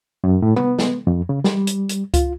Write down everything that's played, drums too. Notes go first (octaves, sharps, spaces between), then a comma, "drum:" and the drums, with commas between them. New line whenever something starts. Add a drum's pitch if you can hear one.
F#2
A2
B3, drum: tom
drum: snare
F2
C#3
G3, drum: snare
drum: hi-hat
drum: hi-hat
F4, drum: kick C#2, hi-hat